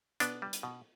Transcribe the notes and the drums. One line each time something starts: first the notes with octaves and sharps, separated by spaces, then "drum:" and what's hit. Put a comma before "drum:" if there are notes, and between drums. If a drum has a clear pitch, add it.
B2 B3 D4, drum: hi-hat
G3
drum: hi-hat
B2